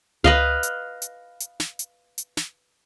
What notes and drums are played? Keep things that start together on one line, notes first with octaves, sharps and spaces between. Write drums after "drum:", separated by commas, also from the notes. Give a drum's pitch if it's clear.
B4 D#5 F5, drum: tom C#2
drum: hi-hat
drum: hi-hat
drum: hi-hat
drum: snare
drum: hi-hat
drum: hi-hat
drum: snare